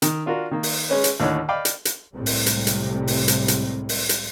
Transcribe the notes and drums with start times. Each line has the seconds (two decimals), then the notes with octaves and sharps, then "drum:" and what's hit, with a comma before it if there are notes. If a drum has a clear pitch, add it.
0.02 D#3, drum: hi-hat
0.26 D4 F4 F#4 A#4
0.51 D#3 A#3
0.63 drum: open hi-hat
0.89 G#3 C#4 B4
1.04 drum: hi-hat
1.20 D#2 A2 D3 C#5 F#6
1.49 D5 D#5 F5 G5 B5 D6
1.65 drum: hi-hat
1.85 drum: hi-hat
2.15 C2 A2 C3 G3 G#3
2.26 drum: open hi-hat
2.46 drum: hi-hat
2.67 drum: hi-hat
3.07 drum: open hi-hat
3.28 drum: hi-hat
3.48 drum: hi-hat
3.89 drum: open hi-hat
4.09 drum: hi-hat